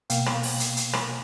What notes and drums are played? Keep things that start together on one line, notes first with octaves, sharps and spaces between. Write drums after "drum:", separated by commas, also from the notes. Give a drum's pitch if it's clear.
B2 A#3 F5 G5, drum: hi-hat
drum: rim click
drum: open hi-hat
drum: hi-hat
drum: hi-hat
drum: rim click